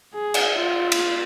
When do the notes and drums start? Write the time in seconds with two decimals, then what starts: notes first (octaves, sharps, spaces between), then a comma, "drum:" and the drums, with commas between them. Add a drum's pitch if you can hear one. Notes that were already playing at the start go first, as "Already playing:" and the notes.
0.14 G#4
0.34 drum: cymbal
0.59 F4
0.92 drum: cymbal